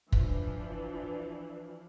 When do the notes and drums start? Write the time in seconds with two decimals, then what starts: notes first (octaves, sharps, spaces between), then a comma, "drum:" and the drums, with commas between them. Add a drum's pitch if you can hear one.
0.12 E3 F3 D4, drum: kick